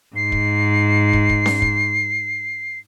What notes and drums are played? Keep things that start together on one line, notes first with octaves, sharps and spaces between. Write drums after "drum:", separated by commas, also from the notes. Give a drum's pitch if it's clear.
G#2 C7
drum: kick
drum: kick
drum: kick
drum: snare C#4
drum: kick